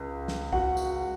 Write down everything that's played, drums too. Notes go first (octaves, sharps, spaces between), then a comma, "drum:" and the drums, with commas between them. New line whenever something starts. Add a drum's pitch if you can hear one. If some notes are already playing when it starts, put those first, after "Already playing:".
Already playing: C#2
drum: snare
F#4 F#5, drum: kick
drum: tambourine